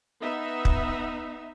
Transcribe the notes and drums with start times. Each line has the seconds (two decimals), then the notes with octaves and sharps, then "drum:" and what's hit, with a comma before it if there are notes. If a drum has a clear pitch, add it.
0.21 B3 D#4 E5
0.65 drum: kick